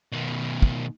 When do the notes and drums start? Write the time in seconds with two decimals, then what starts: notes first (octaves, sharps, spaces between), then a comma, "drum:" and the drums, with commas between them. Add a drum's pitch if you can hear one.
0.12 B2 D#3
0.62 drum: kick